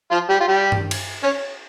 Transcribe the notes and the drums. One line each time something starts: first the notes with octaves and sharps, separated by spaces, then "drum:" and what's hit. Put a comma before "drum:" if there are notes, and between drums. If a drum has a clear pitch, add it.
F3 F4
G3 G4
F4
G3 G4
drum: tom G2
drum: cymbal
C#4 C#5